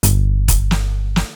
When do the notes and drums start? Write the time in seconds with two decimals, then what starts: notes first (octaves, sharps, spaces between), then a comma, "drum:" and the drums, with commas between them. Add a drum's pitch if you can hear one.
0.03 G1, drum: hi-hat
0.48 drum: kick E1, hi-hat
0.71 drum: snare
1.16 drum: snare